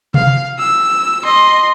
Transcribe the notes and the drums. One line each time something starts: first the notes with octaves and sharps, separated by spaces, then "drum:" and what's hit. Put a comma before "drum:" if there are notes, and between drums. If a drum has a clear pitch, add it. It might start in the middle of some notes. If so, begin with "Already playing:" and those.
F5, drum: tom C3
E6
D#5 C6